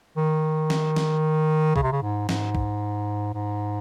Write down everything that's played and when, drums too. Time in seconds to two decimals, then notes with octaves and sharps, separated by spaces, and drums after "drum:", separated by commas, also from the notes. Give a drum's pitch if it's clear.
0.17 D#3
0.70 drum: snare
0.96 drum: snare
1.76 C#3, drum: kick
1.83 C3
1.92 C#3
2.02 G#2
2.29 G#2, drum: snare
2.55 drum: kick
3.34 G#2